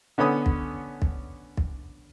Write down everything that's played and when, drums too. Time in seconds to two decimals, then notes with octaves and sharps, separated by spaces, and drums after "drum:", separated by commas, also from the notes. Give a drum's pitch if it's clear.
0.18 D3 B3 C#4 B5 D#6
0.46 drum: kick
1.02 drum: kick
1.57 drum: kick